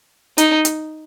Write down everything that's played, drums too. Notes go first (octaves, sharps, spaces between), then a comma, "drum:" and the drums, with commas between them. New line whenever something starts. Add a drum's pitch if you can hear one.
D#4, drum: hi-hat
drum: hi-hat